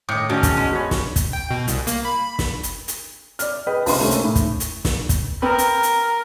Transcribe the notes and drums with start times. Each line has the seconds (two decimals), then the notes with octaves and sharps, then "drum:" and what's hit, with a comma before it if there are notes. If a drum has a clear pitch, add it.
0.09 A2 D#3 G5 D6 D#6 C#7
0.29 G#2 D#3 A3 C#4 D4 F#4
0.43 E2, drum: kick, hi-hat
0.57 G#3
0.73 F#4 B4 C#5
0.91 drum: snare
1.16 drum: kick, hi-hat
1.33 G5
1.51 B2
1.68 C2, drum: hi-hat
1.87 A#3, drum: hi-hat
2.05 B5
2.39 drum: snare
2.63 drum: hi-hat
2.88 drum: hi-hat
3.39 D5 F6, drum: hi-hat
3.67 G#4 B4 D#5 G5
3.86 C#2 G2 C3 C6, drum: open hi-hat
4.00 C3 A3 A#3 C#4
4.11 drum: hi-hat
4.24 A2 E4
4.35 drum: kick, hi-hat
4.60 drum: hi-hat
4.85 drum: snare
5.09 drum: kick, hi-hat
5.42 C4 A#4 B4 B5
5.58 drum: hi-hat
5.83 drum: hi-hat